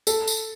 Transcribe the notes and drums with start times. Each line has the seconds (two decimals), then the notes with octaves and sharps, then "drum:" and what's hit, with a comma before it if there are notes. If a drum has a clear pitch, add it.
0.07 A4, drum: tambourine
0.28 drum: tambourine